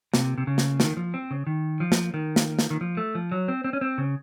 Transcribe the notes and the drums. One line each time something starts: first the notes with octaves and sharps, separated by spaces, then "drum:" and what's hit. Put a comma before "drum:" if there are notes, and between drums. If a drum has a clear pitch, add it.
C3, drum: snare
C3
C#3
drum: snare
D#3, drum: snare
F3
C4
C#3
D#3
F3
drum: snare
D#3
drum: snare
drum: snare
D#3
F3
A3
F3
F#3
C4
C4
C#4
C4
C#3